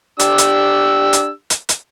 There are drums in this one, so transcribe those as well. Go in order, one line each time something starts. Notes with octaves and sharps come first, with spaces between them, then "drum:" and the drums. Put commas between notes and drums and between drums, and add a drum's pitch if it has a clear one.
D4 G4 E6, drum: hi-hat
drum: hi-hat
drum: hi-hat
drum: hi-hat
drum: hi-hat